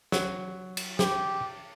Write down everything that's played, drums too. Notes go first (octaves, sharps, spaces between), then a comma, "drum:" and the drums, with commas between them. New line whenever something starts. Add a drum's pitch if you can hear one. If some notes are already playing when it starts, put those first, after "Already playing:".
F#3, drum: snare
drum: cymbal
G4, drum: snare